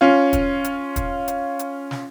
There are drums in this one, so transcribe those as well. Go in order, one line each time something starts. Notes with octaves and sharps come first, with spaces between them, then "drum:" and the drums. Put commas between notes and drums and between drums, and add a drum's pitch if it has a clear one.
C#4 F4
drum: kick, hi-hat
drum: hi-hat
drum: kick, hi-hat
drum: hi-hat
drum: hi-hat
drum: snare